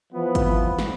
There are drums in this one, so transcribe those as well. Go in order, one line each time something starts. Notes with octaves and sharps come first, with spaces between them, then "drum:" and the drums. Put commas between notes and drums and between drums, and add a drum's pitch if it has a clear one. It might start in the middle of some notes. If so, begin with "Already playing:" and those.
E3 F3 B3
drum: kick G#1, hi-hat
drum: snare